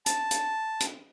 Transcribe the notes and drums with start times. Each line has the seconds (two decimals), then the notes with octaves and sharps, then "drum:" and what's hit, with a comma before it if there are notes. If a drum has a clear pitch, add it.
0.06 A5, drum: hi-hat
0.31 drum: hi-hat
0.80 drum: hi-hat